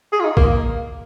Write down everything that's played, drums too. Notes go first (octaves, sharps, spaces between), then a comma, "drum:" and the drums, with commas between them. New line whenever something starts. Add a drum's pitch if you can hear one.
G#4
F4
D#4
A#3, drum: kick A#1